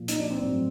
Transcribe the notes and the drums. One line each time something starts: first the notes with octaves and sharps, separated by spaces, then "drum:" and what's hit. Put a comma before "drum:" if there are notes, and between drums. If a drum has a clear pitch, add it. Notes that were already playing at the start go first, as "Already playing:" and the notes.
Already playing: A#2 F3
D#4, drum: hi-hat
D4
C4
A2 F#3